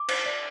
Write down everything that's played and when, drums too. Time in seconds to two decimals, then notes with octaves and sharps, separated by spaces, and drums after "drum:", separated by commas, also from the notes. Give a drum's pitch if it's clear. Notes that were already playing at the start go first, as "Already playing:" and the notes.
Already playing: D6
0.09 C5, drum: cymbal
0.26 D5